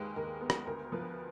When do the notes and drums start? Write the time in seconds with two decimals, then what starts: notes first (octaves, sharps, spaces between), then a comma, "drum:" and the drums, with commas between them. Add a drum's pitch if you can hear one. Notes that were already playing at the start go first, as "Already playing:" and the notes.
Already playing: D#2 G#3 B4
0.16 D#2 A#4
0.41 B3
0.50 drum: rim click
0.66 D2 A#4
0.92 F3 B4